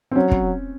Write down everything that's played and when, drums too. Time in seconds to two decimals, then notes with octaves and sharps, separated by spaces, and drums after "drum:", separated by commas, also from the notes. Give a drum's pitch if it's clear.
0.11 C4
0.15 F#3 C#4
0.31 drum: kick